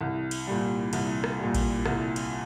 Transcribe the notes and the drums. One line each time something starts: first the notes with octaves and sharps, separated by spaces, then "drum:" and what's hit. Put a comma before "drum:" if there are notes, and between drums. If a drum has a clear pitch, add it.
C2
drum: cymbal
A#2 G3
C2, drum: cymbal
drum: rim click
A#2 G3
drum: kick A1, cymbal
C2, drum: rim click
drum: cymbal